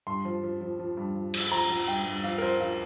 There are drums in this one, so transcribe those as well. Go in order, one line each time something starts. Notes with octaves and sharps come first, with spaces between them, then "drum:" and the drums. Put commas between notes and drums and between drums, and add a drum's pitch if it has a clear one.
G2 C6
F3
F3
F3
F3
G2
F3
F3, drum: cymbal
F3 A#5
F3
G2 G5
G2
F3 F5
A#4
F3 C5
F3 F5